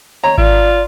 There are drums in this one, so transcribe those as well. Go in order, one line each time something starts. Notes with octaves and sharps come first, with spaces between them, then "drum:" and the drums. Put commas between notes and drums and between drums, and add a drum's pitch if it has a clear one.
C#5 A#5
F4 D5, drum: kick G#1